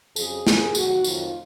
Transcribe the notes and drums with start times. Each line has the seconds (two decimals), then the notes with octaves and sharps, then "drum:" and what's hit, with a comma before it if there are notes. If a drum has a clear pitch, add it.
0.16 F2 C#3 F#3 G#4, drum: tambourine
0.47 D#2 C#3 F3, drum: snare
0.75 D#2 D#3 F#3 F#4, drum: tambourine
1.04 F2 D#3 F#3 F4, drum: tambourine